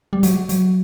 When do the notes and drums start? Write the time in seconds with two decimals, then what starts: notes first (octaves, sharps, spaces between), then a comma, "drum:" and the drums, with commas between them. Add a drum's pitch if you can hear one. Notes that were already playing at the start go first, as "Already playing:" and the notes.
0.13 G3
0.23 F#3, drum: hi-hat
0.49 F#3, drum: hi-hat